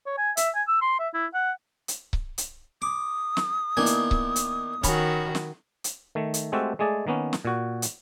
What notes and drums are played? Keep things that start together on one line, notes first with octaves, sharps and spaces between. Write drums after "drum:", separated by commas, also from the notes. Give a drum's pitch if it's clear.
C#5
G#5
E5, drum: hi-hat
G#5
E6
C6
E5
E4
F#5
drum: hi-hat
drum: kick C#1
drum: hi-hat
D6 D#6
drum: snare
D#3 A#3 B3 D4 E4 G#5
drum: hi-hat
drum: kick C#1
drum: hi-hat
D#3 C#4 F#4 C#5 B5, drum: kick C#1, hi-hat
drum: snare
drum: hi-hat
D#3 A3
drum: hi-hat
G#3 A3 C4 F#4 G4 A4
G#3 A3 G#4 D5
D#3 A#3 B3 C#4
drum: snare
A#2 F#4
drum: hi-hat